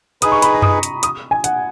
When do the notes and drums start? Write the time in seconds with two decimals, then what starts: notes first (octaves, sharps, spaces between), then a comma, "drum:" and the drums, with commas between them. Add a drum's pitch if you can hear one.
0.22 D#4 G#4 B4 D#6, drum: hi-hat
0.32 C#6
0.42 B5, drum: hi-hat
0.53 A#5
0.62 D#6, drum: tom F#2
0.83 drum: hi-hat
1.03 D#6, drum: hi-hat
1.31 G#5
1.44 F#5, drum: hi-hat